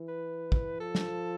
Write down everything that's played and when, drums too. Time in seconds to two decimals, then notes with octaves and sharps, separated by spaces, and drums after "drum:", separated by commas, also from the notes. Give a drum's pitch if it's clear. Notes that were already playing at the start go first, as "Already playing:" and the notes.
Already playing: E3
0.08 B4
0.52 drum: kick
0.80 F3 A4
0.95 drum: snare